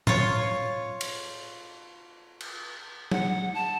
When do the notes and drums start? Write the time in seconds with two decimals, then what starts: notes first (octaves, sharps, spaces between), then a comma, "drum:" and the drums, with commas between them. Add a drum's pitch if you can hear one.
0.07 F4 C#5, drum: tom A2
1.01 drum: cymbal
2.41 drum: cymbal
3.11 F#5, drum: tom F#3
3.54 A5